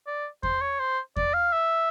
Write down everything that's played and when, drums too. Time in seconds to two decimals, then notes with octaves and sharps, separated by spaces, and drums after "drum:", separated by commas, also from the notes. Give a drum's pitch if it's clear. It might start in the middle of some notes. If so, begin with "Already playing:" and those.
0.07 D5
0.43 C5, drum: kick E2
0.61 C#5
0.80 C5
1.16 D5, drum: kick E2
1.34 F5
1.53 E5